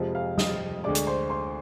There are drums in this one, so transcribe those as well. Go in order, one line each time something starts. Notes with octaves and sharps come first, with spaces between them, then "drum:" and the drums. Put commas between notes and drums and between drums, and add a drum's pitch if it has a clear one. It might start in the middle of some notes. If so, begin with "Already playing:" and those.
Already playing: F2 C3 F3 G#3
F5 F6
D#5 D#6, drum: snare
D2 D3 G#3 D5 D6
drum: hi-hat
C5 C6
C5 C6